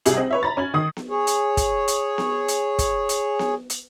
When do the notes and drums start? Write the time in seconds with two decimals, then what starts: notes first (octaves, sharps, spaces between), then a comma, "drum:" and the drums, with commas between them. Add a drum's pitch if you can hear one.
0.06 C2 C3 G3 E4 G#4 F#7, drum: hi-hat
0.17 C4 D#5
0.31 B4 C#5 E5
0.43 A#5 B5 A6
0.57 C#4 G#6 F#7
0.74 D#3 D#6 C7
0.97 drum: snare B3
1.10 G#4 C#5
1.27 drum: hi-hat
1.57 drum: kick, hi-hat
1.88 drum: hi-hat
2.18 drum: snare B3
2.48 drum: hi-hat
2.79 drum: kick, hi-hat
3.09 drum: hi-hat
3.39 drum: snare B3
3.70 drum: hi-hat